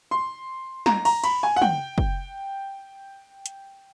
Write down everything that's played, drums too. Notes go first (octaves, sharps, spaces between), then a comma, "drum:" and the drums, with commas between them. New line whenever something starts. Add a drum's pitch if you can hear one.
C6
A#5, drum: snare
A#5, drum: open hi-hat
B5, drum: cymbal
G#5
F#5
G5, drum: tom
drum: kick
drum: hi-hat